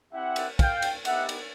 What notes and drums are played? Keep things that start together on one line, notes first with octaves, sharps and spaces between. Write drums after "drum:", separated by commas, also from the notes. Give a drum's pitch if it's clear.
C4 E4 G4 E5 F#5
drum: cymbal
F5 G5, drum: kick, cymbal
drum: cymbal
B3 D#4 G4 E5 F#5, drum: cymbal
drum: cymbal